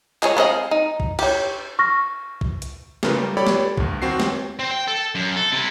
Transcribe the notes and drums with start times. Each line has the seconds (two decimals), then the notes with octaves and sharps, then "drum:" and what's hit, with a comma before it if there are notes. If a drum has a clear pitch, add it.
0.23 G#3 G#4 C#5, drum: clap
0.37 B3 C4 G#4 D#5 F5
0.71 D#4
1.00 drum: kick
1.19 G4 C#5, drum: cymbal
1.79 C#6 F6 A#6
2.41 drum: kick
2.62 drum: hi-hat
3.03 C#3 A3 F4 A#4 B4, drum: snare
3.17 G3 A#3
3.37 G4 A4 C#5 D5 B5
3.47 drum: snare
3.78 D2 G2, drum: kick
4.02 D#2 C4 F#4 C7
4.20 drum: snare
4.59 C4
4.71 G5
4.88 A4
5.15 F#2
5.36 A4
5.53 C3 E4